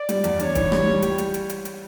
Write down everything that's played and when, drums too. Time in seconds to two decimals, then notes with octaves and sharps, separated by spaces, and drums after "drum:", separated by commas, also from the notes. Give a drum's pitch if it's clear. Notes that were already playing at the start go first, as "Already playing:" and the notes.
Already playing: D5
0.09 G3, drum: hi-hat
0.24 E2, drum: hi-hat
0.39 D4 C#5, drum: hi-hat
0.55 E3, drum: kick, hi-hat
0.72 G3, drum: rim click
0.87 G3
1.02 G4, drum: hi-hat
1.18 drum: hi-hat
1.34 drum: hi-hat
1.50 drum: hi-hat
1.65 drum: hi-hat